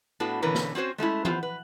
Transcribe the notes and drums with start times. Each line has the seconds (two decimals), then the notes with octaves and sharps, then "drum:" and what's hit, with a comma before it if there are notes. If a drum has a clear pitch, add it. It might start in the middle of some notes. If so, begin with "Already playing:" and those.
0.20 A2 B3 D4 F#4 A4
0.42 B2 D3 E3 C#4 A#4 B4
0.55 drum: snare
0.75 C4 C#4 F#4 C5 C#5
0.98 G#3 A3 C#4 E4
1.25 B3 F4 C5, drum: tom E3
1.43 B4